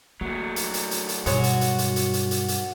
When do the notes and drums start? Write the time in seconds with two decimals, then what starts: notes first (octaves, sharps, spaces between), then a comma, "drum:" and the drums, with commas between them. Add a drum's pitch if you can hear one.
0.21 F#3 A3 A#3
0.56 drum: hi-hat
0.74 drum: hi-hat
0.91 drum: hi-hat
1.09 drum: hi-hat
1.26 G2 B2 F#3 G#3 F#4, drum: hi-hat
1.44 drum: hi-hat
1.61 drum: hi-hat
1.78 drum: hi-hat
1.96 drum: hi-hat
2.13 drum: hi-hat
2.31 drum: hi-hat
2.48 drum: hi-hat